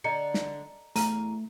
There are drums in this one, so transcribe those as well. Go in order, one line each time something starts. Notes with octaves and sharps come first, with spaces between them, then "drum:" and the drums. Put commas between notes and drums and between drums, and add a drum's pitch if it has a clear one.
D3 D#5 A#5 C#7
drum: snare
E2 A3 F5 A#5 D#7, drum: hi-hat